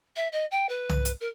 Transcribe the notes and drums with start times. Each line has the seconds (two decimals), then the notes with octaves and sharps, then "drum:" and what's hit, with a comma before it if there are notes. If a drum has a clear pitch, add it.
0.16 E5
0.32 D#5
0.51 G5
0.69 B4
0.89 drum: tom C2
1.05 drum: hi-hat
1.21 A#4